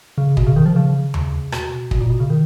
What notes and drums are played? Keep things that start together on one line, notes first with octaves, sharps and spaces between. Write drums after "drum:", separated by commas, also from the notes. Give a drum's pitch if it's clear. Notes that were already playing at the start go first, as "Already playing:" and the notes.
C#3
B2, drum: kick
C#3
D#3
F3
C#3
drum: tom D#2
B2, drum: rim click
B2, drum: kick
A#2
B2
C#3
D#3